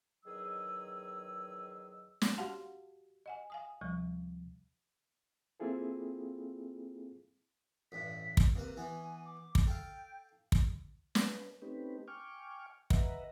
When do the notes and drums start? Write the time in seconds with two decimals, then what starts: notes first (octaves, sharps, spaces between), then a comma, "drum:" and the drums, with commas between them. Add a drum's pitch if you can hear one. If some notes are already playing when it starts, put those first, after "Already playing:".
0.25 E2 D#3 F#3 G#4 D#5 E6
2.22 drum: snare
2.38 F#4 G4 F5 F#5 A5 C6
3.26 D#5 F#5 G#5
3.50 F5 G#5 D#6
3.81 D2 C3 F3 G3
5.60 A#3 C4 E4 F4 G#4 A4
7.92 A1 G2 B6
8.37 drum: kick
8.56 C3 A#3 B4
8.77 E3 B3 G#5
9.25 D6
9.55 drum: kick
9.67 A4 F5 G5
10.52 drum: kick
11.15 B4, drum: snare
11.62 A3 C4 C#4 D#4 G4 B4
12.08 G5 G#5 C#6 D6 F6
12.90 B4 D#5 E5 F#5 A#5, drum: kick